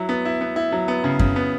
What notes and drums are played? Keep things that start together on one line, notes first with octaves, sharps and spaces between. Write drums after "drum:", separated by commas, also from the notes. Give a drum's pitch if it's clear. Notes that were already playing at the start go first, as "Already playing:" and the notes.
Already playing: F#3 E4
B3
E4
B3
E4
F#3
B3
C#3
C#3, drum: kick F#2
B3